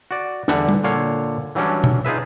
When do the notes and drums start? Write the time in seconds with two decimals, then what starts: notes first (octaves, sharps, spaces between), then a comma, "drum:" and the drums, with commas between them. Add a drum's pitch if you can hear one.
0.11 F#4 D5
0.48 E2 D3 G3 F#5, drum: snare
0.69 drum: tom
0.84 A#2 D3 C#5 F5
1.55 E3 F#3 G3 C#4 D4
1.84 drum: tom B2
2.05 D#4 F4 G#4 B4 E5